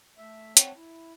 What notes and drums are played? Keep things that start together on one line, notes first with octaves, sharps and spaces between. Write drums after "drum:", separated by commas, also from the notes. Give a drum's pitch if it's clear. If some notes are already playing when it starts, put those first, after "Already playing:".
A3 E5
C4 C#5 F#5 G5 A5, drum: hi-hat
E4